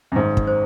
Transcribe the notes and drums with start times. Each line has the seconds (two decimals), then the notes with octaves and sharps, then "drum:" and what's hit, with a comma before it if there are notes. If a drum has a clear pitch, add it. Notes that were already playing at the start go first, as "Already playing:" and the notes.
0.12 F#2
0.16 G#1 G#2 C5
0.37 drum: kick
0.48 C5